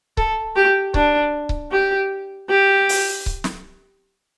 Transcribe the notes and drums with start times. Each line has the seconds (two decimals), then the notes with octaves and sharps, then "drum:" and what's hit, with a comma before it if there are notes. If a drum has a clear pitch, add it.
0.17 A4, drum: kick C#1
0.56 G4
0.94 D4, drum: kick C#1
1.49 drum: kick C#1
1.71 G4
2.49 G4
2.89 drum: open hi-hat
3.26 drum: kick C#1
3.44 drum: snare